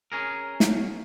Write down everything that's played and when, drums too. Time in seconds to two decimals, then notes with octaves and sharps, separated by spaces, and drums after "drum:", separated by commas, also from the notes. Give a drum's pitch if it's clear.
0.12 C#4 G#4 A#4
0.60 drum: snare